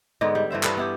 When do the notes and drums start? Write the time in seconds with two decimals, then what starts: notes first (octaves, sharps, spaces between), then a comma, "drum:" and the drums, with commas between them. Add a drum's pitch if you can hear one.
0.21 G#2 D3 G#3 B3
0.35 G3
0.50 G2 E3 C5 E5
0.63 A4 B4, drum: clap
0.77 B3 E4 G4